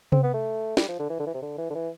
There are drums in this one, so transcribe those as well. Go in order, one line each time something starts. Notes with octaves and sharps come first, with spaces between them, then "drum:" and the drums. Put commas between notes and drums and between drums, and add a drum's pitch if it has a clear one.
C4, drum: tom C3
B3
A3
G3, drum: snare
F3
D3
E3
D3
E3
C3
D3
E3
D3
E3